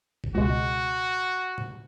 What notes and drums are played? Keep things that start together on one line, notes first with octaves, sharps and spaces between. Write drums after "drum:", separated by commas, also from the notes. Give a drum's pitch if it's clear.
drum: kick
C#2 B2 G#3 F#4
drum: tom